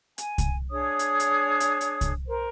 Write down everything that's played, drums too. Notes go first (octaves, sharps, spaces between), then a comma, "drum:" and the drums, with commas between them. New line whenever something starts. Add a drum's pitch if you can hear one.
G#5, drum: hi-hat
drum: kick C2, hi-hat
D4 G#4 C#5 D#6
drum: hi-hat
drum: hi-hat
drum: hi-hat
drum: hi-hat
drum: kick C2, hi-hat
A#4 C5